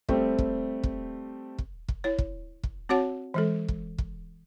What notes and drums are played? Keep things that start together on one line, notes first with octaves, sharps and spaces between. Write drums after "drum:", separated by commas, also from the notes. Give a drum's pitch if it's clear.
G3 A3 C4 G4, drum: kick
drum: kick
drum: kick
drum: kick
drum: kick
E4 C#5
drum: kick
drum: kick
C4 F#4 C#5 F#5 A5
E3 G#3 A4
drum: kick
drum: kick